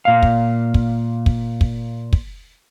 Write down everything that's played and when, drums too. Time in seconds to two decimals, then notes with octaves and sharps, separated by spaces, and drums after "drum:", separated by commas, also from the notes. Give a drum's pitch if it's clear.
0.05 A#2 F5
0.23 drum: kick
0.74 drum: kick
1.26 drum: kick
1.61 drum: kick
2.13 drum: kick